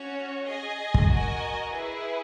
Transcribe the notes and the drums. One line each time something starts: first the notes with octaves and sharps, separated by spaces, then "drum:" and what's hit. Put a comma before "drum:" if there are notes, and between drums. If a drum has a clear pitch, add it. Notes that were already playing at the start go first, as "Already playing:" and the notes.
Already playing: C#4 F#4 C#5
G#4 D#5 G#5
drum: kick
F#4 A#4 D#5 G#5
E4 G#4 B4